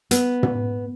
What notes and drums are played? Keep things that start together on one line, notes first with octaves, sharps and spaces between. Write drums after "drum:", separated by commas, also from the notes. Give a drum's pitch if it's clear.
B3, drum: hi-hat
drum: tom